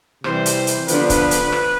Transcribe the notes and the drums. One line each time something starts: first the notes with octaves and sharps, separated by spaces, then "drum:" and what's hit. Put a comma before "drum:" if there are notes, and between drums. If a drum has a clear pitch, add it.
C3 E3 G3 C5, drum: rim click
drum: hi-hat
drum: hi-hat
D3 F3 B3 D4 B4, drum: hi-hat
drum: kick, hi-hat
drum: hi-hat
drum: rim click